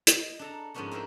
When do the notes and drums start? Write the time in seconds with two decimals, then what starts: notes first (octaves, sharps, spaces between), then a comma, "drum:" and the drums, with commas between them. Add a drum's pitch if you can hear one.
0.07 D#5, drum: hi-hat
0.39 D4 A4 A#5
0.74 G#2 F3 A#3 B3 C#4 D4
0.91 C4 E4 A#4 C5 E5